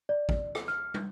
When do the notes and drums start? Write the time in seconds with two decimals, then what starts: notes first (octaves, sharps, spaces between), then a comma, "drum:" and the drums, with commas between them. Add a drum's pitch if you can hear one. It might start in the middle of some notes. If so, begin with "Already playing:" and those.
0.09 D5
0.29 drum: kick
0.55 drum: rim click
0.68 F6
0.94 drum: tom